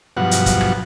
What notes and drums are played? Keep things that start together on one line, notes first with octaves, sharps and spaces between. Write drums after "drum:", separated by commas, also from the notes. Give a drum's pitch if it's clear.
G2 B2 F3 F#3 F#5
drum: hi-hat
drum: kick, hi-hat
drum: rim click